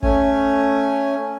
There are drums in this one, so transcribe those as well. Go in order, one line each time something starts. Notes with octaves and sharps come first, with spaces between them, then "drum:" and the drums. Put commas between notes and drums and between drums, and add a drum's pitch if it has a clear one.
A3 C#4 G#5, drum: kick